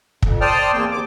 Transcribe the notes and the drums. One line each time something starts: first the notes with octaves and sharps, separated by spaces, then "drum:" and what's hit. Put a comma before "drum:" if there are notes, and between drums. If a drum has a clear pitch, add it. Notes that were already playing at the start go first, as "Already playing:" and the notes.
F2, drum: kick
C5 D5 G5 A5 D#6 F6
E2 A#3 C4 G5
D#2 D6